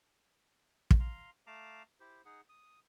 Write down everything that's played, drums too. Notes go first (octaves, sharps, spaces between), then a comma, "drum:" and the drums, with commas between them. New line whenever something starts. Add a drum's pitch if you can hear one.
drum: kick
F5 A#5 C6
A3 F5 A5 A#5 D6
E4 G4 C5
D#4 G#4 F#5
D#6